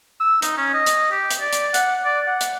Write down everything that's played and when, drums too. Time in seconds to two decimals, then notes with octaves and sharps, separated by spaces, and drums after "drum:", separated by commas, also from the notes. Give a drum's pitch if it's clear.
0.20 E6
0.42 D#4, drum: hi-hat
0.57 C#4
0.74 D#5
0.86 drum: hi-hat
1.12 G4
1.31 drum: hi-hat
1.40 D5
1.53 drum: hi-hat
1.74 F#5, drum: hi-hat
2.04 D5
2.27 F#5
2.41 drum: hi-hat